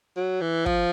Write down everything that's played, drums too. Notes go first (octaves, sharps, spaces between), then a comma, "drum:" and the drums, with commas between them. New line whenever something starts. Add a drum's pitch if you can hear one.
F#3
E3
F3, drum: kick